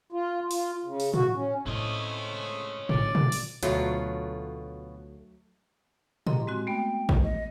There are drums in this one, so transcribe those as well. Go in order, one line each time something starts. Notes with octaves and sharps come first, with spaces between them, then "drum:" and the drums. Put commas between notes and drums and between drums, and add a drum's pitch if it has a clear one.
F4
F4, drum: open hi-hat
C#3
drum: open hi-hat
F#4, drum: tom
C#4
A2 A3 C4 C#4 C5 D#5
A1 D3 D5, drum: tom
drum: tom
drum: open hi-hat
D2 B2 F#3 A3 F4, drum: hi-hat
G4 D#5 A#5 C6, drum: tom
G#3 C4 F#4
A3 B3 G5
drum: kick A1
D#5